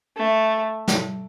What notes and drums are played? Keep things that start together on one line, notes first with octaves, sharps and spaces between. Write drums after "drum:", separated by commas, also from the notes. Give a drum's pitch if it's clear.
A3
drum: snare